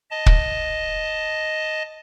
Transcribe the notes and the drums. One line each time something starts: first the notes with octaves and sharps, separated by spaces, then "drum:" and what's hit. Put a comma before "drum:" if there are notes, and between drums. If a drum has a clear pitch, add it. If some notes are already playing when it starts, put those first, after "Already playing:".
D#5 A5
drum: kick